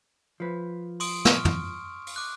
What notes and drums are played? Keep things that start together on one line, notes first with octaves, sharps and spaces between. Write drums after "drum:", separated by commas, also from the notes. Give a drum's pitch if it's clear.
F3 B4
C6 D#6 D7, drum: open hi-hat
C#6 F6, drum: snare
drum: tom
drum: open hi-hat
D6 F#6